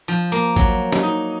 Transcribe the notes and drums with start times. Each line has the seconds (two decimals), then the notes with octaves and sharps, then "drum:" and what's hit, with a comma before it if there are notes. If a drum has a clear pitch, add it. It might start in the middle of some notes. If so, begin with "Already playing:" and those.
0.08 F3
0.32 A#3
0.56 F#3, drum: kick A1
0.92 drum: snare
1.03 D#4